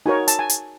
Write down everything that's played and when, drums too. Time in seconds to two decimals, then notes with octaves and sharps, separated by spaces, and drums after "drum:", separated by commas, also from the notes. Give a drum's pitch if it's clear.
0.06 D#4 F#4 A#4 C#5 G#5
0.28 A5, drum: hi-hat
0.39 G#5
0.49 drum: hi-hat